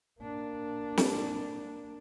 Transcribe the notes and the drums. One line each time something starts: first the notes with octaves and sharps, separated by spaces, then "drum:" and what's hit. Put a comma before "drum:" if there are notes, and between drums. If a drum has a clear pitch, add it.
A#3 D4
drum: snare